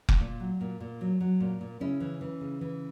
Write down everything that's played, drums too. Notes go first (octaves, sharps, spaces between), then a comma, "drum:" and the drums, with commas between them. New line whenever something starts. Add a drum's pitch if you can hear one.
drum: kick F1
A#2
F#3
A#2
A#2
F#3
F#3
A#2
A#2
C#3 C#4 E4
E3
E3
C#3
E3